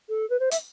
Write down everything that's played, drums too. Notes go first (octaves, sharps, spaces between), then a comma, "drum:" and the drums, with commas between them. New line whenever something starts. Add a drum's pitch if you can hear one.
A4
B4
C5
E5, drum: hi-hat